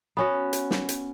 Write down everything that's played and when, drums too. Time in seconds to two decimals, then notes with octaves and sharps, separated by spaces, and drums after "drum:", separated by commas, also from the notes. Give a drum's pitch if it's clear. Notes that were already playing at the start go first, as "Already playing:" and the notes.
0.17 B3 C#4 F#4
0.53 drum: hi-hat
0.71 drum: snare
0.89 drum: hi-hat